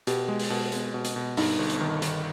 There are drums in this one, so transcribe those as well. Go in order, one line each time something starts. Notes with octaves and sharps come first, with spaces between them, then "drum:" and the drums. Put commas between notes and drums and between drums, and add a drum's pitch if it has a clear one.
B2 G4, drum: hi-hat
G#3
drum: open hi-hat
B2
G#3, drum: hi-hat
B2
drum: hi-hat
B2
G2 D#4, drum: open hi-hat
G1
drum: hi-hat
D#3
D#3, drum: hi-hat